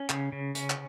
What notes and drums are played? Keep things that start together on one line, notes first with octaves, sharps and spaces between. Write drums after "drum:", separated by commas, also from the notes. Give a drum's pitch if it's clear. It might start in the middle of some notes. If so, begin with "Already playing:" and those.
Already playing: C#4
C#3, drum: clap
C#3
C#4, drum: hi-hat
drum: clap